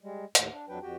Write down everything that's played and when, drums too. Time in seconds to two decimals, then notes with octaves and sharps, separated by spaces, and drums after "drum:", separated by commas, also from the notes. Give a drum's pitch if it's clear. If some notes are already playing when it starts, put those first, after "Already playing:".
0.01 G3 G#3
0.35 D#2 A2, drum: hi-hat
0.53 D4
0.69 F2 F#3 D4 B4 G5
0.82 F2 F#4 G4 G5